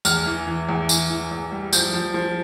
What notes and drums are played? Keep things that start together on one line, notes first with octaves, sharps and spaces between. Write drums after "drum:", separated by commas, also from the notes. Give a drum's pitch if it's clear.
E2 F6, drum: tambourine
E3
E3
E2
E3, drum: tambourine
E3
E2
G3
F3 G6, drum: tambourine
F3
F3